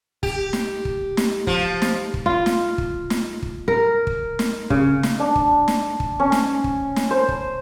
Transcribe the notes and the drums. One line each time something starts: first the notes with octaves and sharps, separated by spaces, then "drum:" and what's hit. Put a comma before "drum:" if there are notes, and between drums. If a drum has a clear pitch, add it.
G4, drum: kick
drum: snare
drum: kick
drum: snare
F3, drum: kick
drum: snare
drum: kick
F4
drum: snare
drum: kick
drum: snare
drum: kick
A#4
drum: kick
drum: snare
C#3, drum: kick
drum: snare
D4
drum: kick
drum: snare
drum: kick
C#4
drum: snare
drum: kick
drum: snare
C5
drum: kick